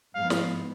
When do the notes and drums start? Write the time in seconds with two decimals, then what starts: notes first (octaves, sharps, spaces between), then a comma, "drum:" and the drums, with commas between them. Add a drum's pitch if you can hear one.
0.15 G#2 F3 G#3 B3 F5
0.30 drum: snare